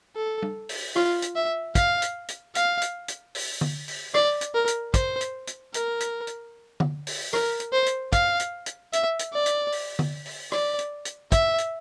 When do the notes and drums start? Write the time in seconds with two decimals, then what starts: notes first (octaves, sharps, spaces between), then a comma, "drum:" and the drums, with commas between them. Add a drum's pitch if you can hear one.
0.16 A4
0.42 drum: tom
0.69 drum: open hi-hat
0.96 F4, drum: rim click
1.22 drum: hi-hat
1.36 E5
1.75 F5, drum: kick, hi-hat
2.02 drum: hi-hat
2.28 drum: hi-hat
2.55 F5, drum: hi-hat
2.82 drum: hi-hat
3.08 drum: hi-hat
3.35 drum: open hi-hat
3.61 drum: tom D3
3.88 drum: open hi-hat
4.14 D5, drum: rim click
4.41 drum: hi-hat
4.54 A#4
4.68 drum: hi-hat
4.94 C5, drum: kick, hi-hat
5.21 drum: hi-hat
5.47 drum: hi-hat
5.74 A#4, drum: hi-hat
6.00 drum: hi-hat
6.27 drum: hi-hat
6.80 drum: tom D3
7.07 drum: open hi-hat
7.33 A#4, drum: rim click
7.60 drum: hi-hat
7.73 C5
7.86 drum: hi-hat
8.13 F5, drum: kick, hi-hat
8.39 drum: hi-hat
8.66 drum: hi-hat
8.93 E5, drum: hi-hat
9.19 drum: hi-hat
9.33 D5
9.46 drum: hi-hat
9.72 drum: open hi-hat
9.99 drum: tom D3
10.25 drum: open hi-hat
10.52 D5, drum: rim click
10.79 drum: hi-hat
11.05 drum: hi-hat
11.32 E5, drum: kick, hi-hat
11.58 drum: hi-hat